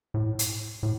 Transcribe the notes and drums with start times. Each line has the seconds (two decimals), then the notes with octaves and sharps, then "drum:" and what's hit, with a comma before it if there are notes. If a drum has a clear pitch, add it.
0.14 A2
0.39 drum: hi-hat
0.83 A2